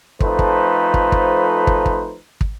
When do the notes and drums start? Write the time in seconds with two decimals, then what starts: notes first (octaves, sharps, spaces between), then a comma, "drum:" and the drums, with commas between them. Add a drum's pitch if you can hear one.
0.20 F2 F3 A3 D#4 B4 C5, drum: kick
0.39 drum: kick
0.94 drum: kick
1.12 drum: kick
1.67 drum: kick
1.86 drum: kick
2.41 drum: kick